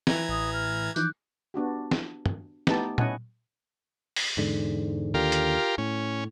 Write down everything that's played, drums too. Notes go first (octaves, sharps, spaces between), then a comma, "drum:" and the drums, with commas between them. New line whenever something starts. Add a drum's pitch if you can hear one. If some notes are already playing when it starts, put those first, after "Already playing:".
E3 A#5 G#6, drum: snare
A1 D#6
F6
E3 F3 D#4 D6 F#6 G6, drum: tambourine
B3 D4 F#4 G4
drum: snare
drum: tom
A3 B3 D#4 G4 A5, drum: snare
C#4 E4 D#5 F#5 G#5 A5, drum: tom
drum: open hi-hat
E2 G#2 D3
D#2 D3 F4 G4 A#4
drum: hi-hat
A2 C#4